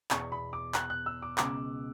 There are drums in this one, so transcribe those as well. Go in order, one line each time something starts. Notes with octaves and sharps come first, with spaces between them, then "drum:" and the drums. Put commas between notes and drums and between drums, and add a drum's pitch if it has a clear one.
E2 B2 C#6, drum: clap
B5
D6
F#6, drum: clap
F#6
E6
D6
C#2 B2 D6, drum: clap